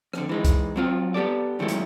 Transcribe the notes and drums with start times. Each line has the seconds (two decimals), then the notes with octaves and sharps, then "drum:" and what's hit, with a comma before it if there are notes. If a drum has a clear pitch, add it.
0.13 F2 D3, drum: rim click
0.29 E3 G#3 D#4
0.44 drum: kick C2, hi-hat
0.76 F#3 C4 F4
1.14 B3 G4 A4 D5
1.59 F#2 D#3 F#3 G#3 A3 E4
1.68 drum: hi-hat